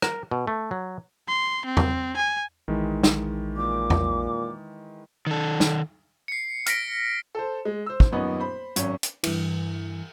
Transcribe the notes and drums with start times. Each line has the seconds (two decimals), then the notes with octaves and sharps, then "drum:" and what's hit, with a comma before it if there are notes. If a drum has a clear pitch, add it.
0.02 A#4, drum: rim click
0.31 B2
0.47 A3
0.71 F#3
1.28 C6
1.65 C4
1.77 drum: tom E2
2.16 G#5
2.68 A#1 D#3 E3 G#3
3.03 drum: snare
3.56 A#2 D6
3.90 drum: tom E2
5.27 D#3 A4
5.60 drum: snare
6.28 C7 C#7
6.66 F6 A#6 B6 D7, drum: hi-hat
7.35 A4 C5
7.65 G#3
7.86 C5 E6
8.00 drum: kick
8.12 D#1 F#2 B3 C#4 D#4
8.40 C5 B5
8.76 G#1 F#3 C#4, drum: hi-hat
9.03 drum: hi-hat
9.23 G2 E3, drum: cymbal